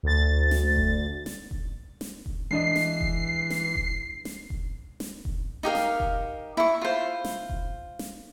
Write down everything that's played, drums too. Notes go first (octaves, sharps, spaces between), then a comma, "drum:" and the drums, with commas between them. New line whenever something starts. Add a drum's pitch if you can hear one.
D2 A6
drum: snare
drum: kick E1
drum: snare
drum: kick E1
drum: snare
drum: kick E1
E3 G#3 D4 D#5 C7
drum: snare
drum: kick E1
drum: snare
drum: kick E1
drum: snare
drum: kick E1
drum: snare
drum: kick E1
D#4 G4 A#4 F5
drum: snare
drum: kick E1
E4 C#6
F4 C5
drum: snare
drum: kick E1
drum: snare